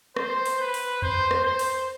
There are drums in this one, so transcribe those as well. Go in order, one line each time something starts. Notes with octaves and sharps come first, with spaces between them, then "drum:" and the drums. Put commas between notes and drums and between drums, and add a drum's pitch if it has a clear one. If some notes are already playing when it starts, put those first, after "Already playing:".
C5, drum: rim click
drum: open hi-hat
B4
drum: open hi-hat
C5, drum: tom E2
drum: rim click
C5
drum: open hi-hat